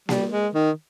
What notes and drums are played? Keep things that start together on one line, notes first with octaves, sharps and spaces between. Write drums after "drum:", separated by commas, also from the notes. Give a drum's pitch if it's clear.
G3, drum: snare A#3
G#3
D#3